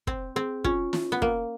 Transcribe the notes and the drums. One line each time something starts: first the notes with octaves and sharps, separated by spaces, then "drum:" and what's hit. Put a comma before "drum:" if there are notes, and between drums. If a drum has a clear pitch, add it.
C4 C5, drum: kick
C4 G#4
C#4 F4, drum: kick
F4, drum: snare
B3
A#3 F5, drum: kick